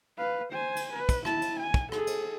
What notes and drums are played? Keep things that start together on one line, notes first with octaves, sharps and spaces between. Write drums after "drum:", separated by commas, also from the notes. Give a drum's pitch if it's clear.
B4 F5
C5 G#5
drum: cymbal
B4
drum: kick, cymbal
E4 A5, drum: rim click
drum: cymbal
G#5
drum: kick
G#4 A4, drum: rim click
drum: cymbal